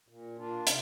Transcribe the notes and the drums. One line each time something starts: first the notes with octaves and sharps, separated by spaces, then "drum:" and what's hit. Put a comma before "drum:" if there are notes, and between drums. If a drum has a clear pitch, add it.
A#2
A#3 D4 F4
C3, drum: hi-hat